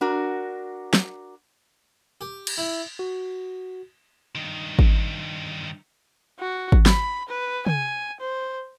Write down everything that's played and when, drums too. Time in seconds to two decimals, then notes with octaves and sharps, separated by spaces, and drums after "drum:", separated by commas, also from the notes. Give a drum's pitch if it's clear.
0.01 D4 F#4 A#4
0.94 drum: snare
2.21 G4
2.47 drum: cymbal
2.58 E4
2.99 F#4
4.35 G2 D#3
4.79 drum: kick G#1
6.39 F#4
6.72 drum: kick G#1
6.86 B5, drum: snare
7.29 B4
7.67 G#5, drum: tom
8.20 C5